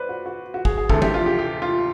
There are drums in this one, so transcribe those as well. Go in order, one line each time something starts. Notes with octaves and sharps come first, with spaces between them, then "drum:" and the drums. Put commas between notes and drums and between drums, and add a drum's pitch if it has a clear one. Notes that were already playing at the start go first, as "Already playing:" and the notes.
Already playing: B4 C5 D5
F#4
F#4
F#4
G#4, drum: kick
G#4
D2 C3 E3 A4, drum: kick
G4, drum: tom
F4
G4
G4
F4